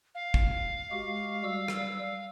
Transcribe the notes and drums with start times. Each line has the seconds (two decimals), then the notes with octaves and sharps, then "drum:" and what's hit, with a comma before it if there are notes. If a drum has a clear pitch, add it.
0.15 F5
0.34 drum: kick
0.91 G#3 F#4 G4
1.44 G3 E6
1.68 drum: rim click